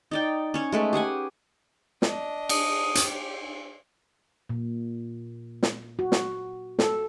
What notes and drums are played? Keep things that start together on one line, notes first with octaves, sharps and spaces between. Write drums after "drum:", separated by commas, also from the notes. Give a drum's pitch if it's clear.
D#4 D5 G5
C#4 C#5
G#3 A3 B4
G4 G#4 F#5 G#5
D4 D#5, drum: snare
D#6, drum: cymbal
G4, drum: hi-hat
A#2
drum: snare
F#4
drum: snare
A4, drum: snare